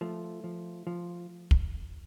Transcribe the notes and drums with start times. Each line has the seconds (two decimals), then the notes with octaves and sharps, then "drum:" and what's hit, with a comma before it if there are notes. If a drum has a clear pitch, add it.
0.01 F3 A3
0.44 F3
0.87 F3
1.51 drum: kick